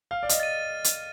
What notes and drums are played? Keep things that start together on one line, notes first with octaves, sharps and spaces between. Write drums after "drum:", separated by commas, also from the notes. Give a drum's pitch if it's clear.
F5 F6
D5
D#5, drum: hi-hat
A6 D#7
drum: hi-hat